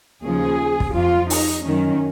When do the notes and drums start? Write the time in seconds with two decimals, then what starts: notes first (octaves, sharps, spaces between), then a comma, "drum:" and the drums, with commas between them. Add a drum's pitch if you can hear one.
0.23 D#2 C#3 F3 G#4
0.80 drum: kick
0.94 F2 F3 F4
1.30 D#4, drum: open hi-hat
1.65 F#2 D#3 C#4